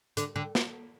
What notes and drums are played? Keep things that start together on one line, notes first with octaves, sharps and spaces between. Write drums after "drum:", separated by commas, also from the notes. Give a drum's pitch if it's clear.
D3, drum: hi-hat
D3
drum: snare